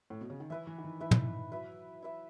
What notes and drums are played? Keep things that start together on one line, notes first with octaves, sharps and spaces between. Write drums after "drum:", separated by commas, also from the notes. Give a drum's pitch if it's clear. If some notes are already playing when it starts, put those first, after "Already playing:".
A2
B2
C#3
D#3
E3 E4 B4 E5
E3
D#3
E3
E3 E4 B4 E5
D#3, drum: tom
E3
F#3 E4 B4 E5
E4 B4 E5